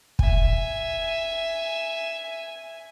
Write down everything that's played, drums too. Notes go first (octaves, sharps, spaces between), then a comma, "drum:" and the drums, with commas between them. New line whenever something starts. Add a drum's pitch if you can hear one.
E5 G#5, drum: kick